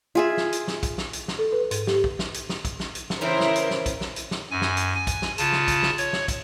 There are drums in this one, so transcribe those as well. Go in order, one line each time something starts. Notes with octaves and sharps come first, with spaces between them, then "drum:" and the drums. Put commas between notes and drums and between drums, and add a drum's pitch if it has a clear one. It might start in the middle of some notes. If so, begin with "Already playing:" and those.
F4 G#4 E5
drum: snare
drum: hi-hat
drum: snare
drum: kick, hi-hat
drum: snare
drum: hi-hat
drum: snare
A4
B4
G#2, drum: hi-hat
G4, drum: snare
drum: kick
drum: snare
drum: hi-hat
drum: snare
drum: kick, hi-hat
drum: snare
drum: hi-hat
drum: snare
C#3 E3 C4 E4 A#4 C5
drum: snare
drum: hi-hat
drum: snare
drum: kick, hi-hat
drum: snare
drum: hi-hat
drum: snare
F#2 G#5
drum: snare
drum: hi-hat
G#5
drum: kick, hi-hat
drum: snare
C#3 F4 A5, drum: hi-hat
drum: snare
drum: kick, hi-hat
drum: snare
C#5, drum: hi-hat
drum: snare
drum: kick, hi-hat